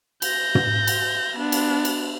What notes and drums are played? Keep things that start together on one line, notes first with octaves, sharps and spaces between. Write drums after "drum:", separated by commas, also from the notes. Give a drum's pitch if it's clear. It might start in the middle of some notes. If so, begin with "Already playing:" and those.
G6 A#6, drum: cymbal
drum: tom
drum: cymbal
B3 D4
drum: cymbal
drum: cymbal